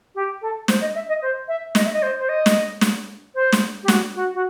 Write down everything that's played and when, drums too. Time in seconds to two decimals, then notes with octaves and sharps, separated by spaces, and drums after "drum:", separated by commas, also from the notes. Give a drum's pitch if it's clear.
0.15 G4
0.41 A4
0.68 C5, drum: snare
0.81 D#5
0.95 E5
1.08 D#5
1.22 C5
1.48 E5
1.75 D#5, drum: snare
1.85 E5
1.93 D#5
2.02 C5
2.19 C5
2.28 D#5
2.46 drum: snare
2.81 drum: snare
3.34 C5
3.53 drum: snare
3.83 G4
3.88 F#4, drum: snare
4.15 F#4
4.34 F#4